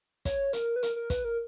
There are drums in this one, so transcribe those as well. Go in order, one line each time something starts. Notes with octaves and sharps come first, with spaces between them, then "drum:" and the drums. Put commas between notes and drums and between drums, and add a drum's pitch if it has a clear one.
C#5, drum: kick, hi-hat
A#4, drum: hi-hat
B4
A#4, drum: hi-hat
A#4
B4, drum: kick, hi-hat
A#4